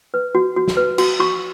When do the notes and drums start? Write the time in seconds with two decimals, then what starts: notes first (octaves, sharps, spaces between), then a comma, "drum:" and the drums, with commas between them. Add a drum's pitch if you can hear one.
0.14 B4
0.35 F#4
0.56 F#4
0.68 drum: snare
0.77 B4
0.98 F#4, drum: cymbal
1.20 F#4 C#6